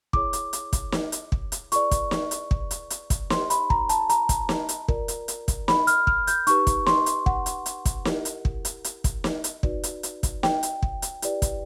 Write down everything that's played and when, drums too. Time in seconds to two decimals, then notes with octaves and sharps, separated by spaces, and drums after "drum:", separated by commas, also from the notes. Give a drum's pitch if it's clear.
0.13 E4 G#4 C#5 D6, drum: kick
0.33 drum: hi-hat
0.53 drum: hi-hat
0.73 drum: kick, hi-hat
0.92 drum: snare
1.12 drum: hi-hat
1.32 drum: kick
1.52 drum: hi-hat
1.72 E4 G#4 B4 D5 C#6, drum: hi-hat
1.91 drum: kick, hi-hat
2.11 drum: snare
2.31 drum: hi-hat
2.51 drum: kick
2.71 drum: hi-hat
2.90 drum: hi-hat
3.10 drum: kick, hi-hat
3.30 D#4 G4 C5 C6, drum: snare
3.50 B5, drum: hi-hat
3.70 A#5, drum: kick
3.89 A5, drum: hi-hat
4.09 A#5, drum: hi-hat
4.29 drum: kick, hi-hat
4.49 drum: snare
4.69 drum: hi-hat
4.88 F4 A#4 D5, drum: kick
5.08 drum: hi-hat
5.28 drum: hi-hat
5.48 drum: kick, hi-hat
5.68 B5, drum: snare
5.87 F6, drum: hi-hat
6.07 F6, drum: kick
6.27 G6, drum: hi-hat
6.47 D#4 G4 B4 C#6, drum: hi-hat
6.67 drum: kick, hi-hat
6.86 C6, drum: snare
7.06 drum: hi-hat
7.26 F#5, drum: kick
7.46 drum: hi-hat
7.66 drum: hi-hat
7.85 drum: kick, hi-hat
8.05 E4 G4 A#4, drum: snare
8.25 drum: hi-hat
8.45 drum: kick
8.65 drum: hi-hat
8.84 drum: hi-hat
9.04 drum: kick, hi-hat
9.24 drum: snare
9.44 drum: hi-hat
9.63 D#4 F#4 B4 D5, drum: kick
9.83 drum: hi-hat
10.03 drum: hi-hat
10.23 drum: kick, hi-hat
10.43 G5, drum: snare
10.63 drum: hi-hat
10.82 drum: kick
11.02 drum: hi-hat
11.22 E4 G4 B4 D5, drum: hi-hat
11.42 drum: kick, hi-hat